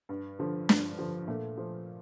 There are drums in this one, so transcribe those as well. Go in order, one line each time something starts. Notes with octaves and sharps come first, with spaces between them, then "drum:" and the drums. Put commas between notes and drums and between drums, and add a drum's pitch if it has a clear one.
G2
D3 F3
G2, drum: snare
D3 F3
A#2 A3
F3